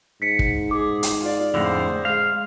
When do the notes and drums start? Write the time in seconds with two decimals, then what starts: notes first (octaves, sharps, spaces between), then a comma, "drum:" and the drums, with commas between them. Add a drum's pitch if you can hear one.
0.22 G#2 B6 C#7
0.39 drum: kick
0.71 G#4 D6
1.03 drum: hi-hat
1.22 F4 D5
1.54 F2 A2 D3 G#4 C5
2.05 G#3 F5